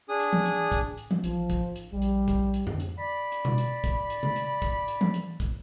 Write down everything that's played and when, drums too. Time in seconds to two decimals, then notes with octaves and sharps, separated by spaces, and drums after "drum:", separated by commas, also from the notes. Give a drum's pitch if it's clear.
0.09 D4 G#4 D#6
0.20 drum: hi-hat
0.33 drum: tom E3
0.46 drum: hi-hat
0.72 drum: kick, hi-hat
0.98 drum: hi-hat
1.11 drum: tom E3
1.24 A1 F3, drum: hi-hat
1.50 drum: kick, hi-hat
1.76 drum: hi-hat
1.93 A#1 G3
2.02 drum: hi-hat
2.28 drum: kick, hi-hat
2.54 drum: hi-hat
2.67 drum: tom F2
2.80 drum: hi-hat
2.98 D5 B5
3.32 drum: hi-hat
3.45 drum: tom B2
3.58 drum: hi-hat
3.84 drum: kick, hi-hat
4.10 drum: hi-hat
4.23 drum: tom C3
4.36 drum: hi-hat
4.62 drum: kick, hi-hat
4.88 drum: hi-hat
5.01 drum: tom E3
5.14 drum: hi-hat
5.40 drum: kick, hi-hat